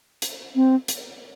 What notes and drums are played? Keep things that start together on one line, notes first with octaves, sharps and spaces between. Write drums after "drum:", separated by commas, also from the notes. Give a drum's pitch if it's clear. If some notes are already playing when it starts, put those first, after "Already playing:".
drum: hi-hat
C4
drum: hi-hat